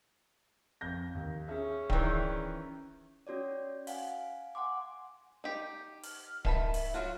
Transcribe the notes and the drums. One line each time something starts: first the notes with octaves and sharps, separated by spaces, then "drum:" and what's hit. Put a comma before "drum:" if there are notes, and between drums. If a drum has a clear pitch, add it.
F2 G6 A#6
D#2
C#4 G#4 E5
D#3 E3 G#4 D5 G5, drum: kick D1
C#4 F#4 C#5 D5
F5 F#5 G#5, drum: open hi-hat
F#5 G#5 C6 D6
D#4 G4
F6, drum: open hi-hat
D#3 E5 A5 B5, drum: kick D1
drum: open hi-hat
F#3 F4 F#4 F6